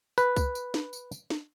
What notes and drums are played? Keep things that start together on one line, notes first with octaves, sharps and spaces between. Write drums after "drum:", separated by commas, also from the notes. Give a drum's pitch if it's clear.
B4, drum: tambourine
drum: kick C2, tambourine
drum: tambourine
drum: snare
drum: tambourine
drum: tambourine
drum: snare